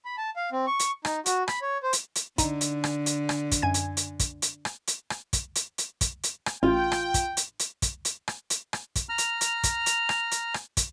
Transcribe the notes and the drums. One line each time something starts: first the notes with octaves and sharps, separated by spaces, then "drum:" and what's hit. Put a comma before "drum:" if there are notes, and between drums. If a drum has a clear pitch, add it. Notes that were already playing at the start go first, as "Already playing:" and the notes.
B5
A5
F5
C4
C#6
drum: hi-hat
D#4, drum: rim click
F#4, drum: hi-hat
B5, drum: rim click
C#5
C5
drum: hi-hat
drum: hi-hat
D3 D#4, drum: kick, hi-hat
drum: hi-hat
drum: rim click
drum: hi-hat
drum: rim click
drum: kick, hi-hat
F#2 G#5 G#6
drum: hi-hat
drum: hi-hat
drum: kick, hi-hat
drum: hi-hat
drum: rim click
drum: hi-hat
drum: rim click
drum: kick, hi-hat
drum: hi-hat
drum: hi-hat
drum: kick, hi-hat
drum: hi-hat
drum: rim click
A1 F4 G5
drum: rim click
drum: kick, hi-hat
drum: hi-hat
drum: hi-hat
drum: kick, hi-hat
drum: hi-hat
drum: rim click
drum: hi-hat
drum: rim click
drum: kick, hi-hat
A#5 F6
drum: hi-hat
drum: hi-hat
drum: kick, hi-hat
drum: hi-hat
drum: rim click
drum: hi-hat
drum: rim click
drum: kick, hi-hat